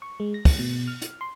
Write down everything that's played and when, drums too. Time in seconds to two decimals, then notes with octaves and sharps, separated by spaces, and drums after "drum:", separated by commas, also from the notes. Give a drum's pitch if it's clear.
0.02 C#6
0.20 G#3
0.34 A#6
0.45 drum: kick, open hi-hat
0.59 B2
0.88 F6
1.02 drum: hi-hat
1.21 C6